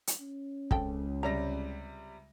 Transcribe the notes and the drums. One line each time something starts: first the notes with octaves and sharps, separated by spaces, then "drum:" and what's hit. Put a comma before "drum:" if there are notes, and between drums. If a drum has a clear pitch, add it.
drum: hi-hat
C#4
C#2 C4 A4 G5, drum: kick
C3 G3 A#5 A#6